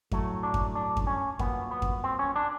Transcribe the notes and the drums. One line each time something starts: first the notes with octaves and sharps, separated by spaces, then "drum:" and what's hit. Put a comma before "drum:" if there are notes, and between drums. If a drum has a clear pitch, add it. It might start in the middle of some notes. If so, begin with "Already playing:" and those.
A2 F#3 A3, drum: kick F2
D4
drum: kick F2
D4
drum: kick F2
C#4
A#2 F#3 A#3 B3, drum: kick F2
B3
drum: kick F2
C4
C#4
D4